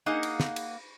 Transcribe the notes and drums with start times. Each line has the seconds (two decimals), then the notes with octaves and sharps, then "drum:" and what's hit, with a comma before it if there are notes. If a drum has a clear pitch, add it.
0.06 A#3 D#4 G#4 D#5 F#5
0.23 drum: cymbal
0.40 drum: snare
0.56 drum: cymbal